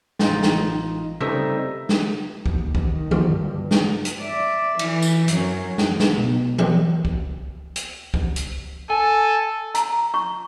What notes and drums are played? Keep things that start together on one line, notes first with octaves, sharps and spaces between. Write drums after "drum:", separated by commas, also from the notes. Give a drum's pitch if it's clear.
A1 D#4 F4, drum: snare
drum: snare
G3 A3 C4 D#4 D#5 E5, drum: tom C3
drum: snare
D#2, drum: kick
drum: kick
D#3
drum: tom D3
G2
drum: snare
drum: hi-hat
D5 E5
E3, drum: cymbal
drum: tambourine
F#2 F#3, drum: hi-hat
drum: snare
drum: snare
B1
drum: tom E3
drum: kick
drum: hi-hat
drum: kick
drum: hi-hat
A4 G#5
A#5, drum: hi-hat
C#6